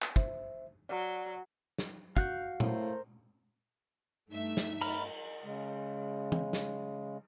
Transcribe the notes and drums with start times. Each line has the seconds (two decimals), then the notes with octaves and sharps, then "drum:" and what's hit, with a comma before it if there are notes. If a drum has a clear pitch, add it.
0.02 drum: clap
0.16 C5 E5, drum: kick
0.89 F#3 D5
1.78 drum: snare
2.17 F#4 F5 F#6 G6, drum: kick
2.60 A2 A3 A#4 C5, drum: tom A#2
4.30 G2 A3 D#4 E5
4.57 drum: snare
4.81 A#5 B5 F6, drum: cymbal
5.44 C#3 G#3
6.32 drum: tom E3
6.53 drum: snare